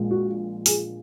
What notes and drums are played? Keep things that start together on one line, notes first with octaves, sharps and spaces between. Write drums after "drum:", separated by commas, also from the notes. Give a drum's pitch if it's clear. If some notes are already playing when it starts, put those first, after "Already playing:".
Already playing: A#1 A#2 G#3
F#4
G#4, drum: open hi-hat